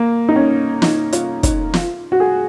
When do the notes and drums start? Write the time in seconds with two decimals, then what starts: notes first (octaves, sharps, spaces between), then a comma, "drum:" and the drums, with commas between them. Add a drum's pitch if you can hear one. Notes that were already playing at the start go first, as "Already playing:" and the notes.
Already playing: A#3
0.29 D#4
0.36 C#4
0.82 D#4, drum: snare
1.13 F4, drum: hi-hat
1.43 D#4, drum: kick, hi-hat
1.74 F4, drum: snare
2.12 F#4
2.20 G#4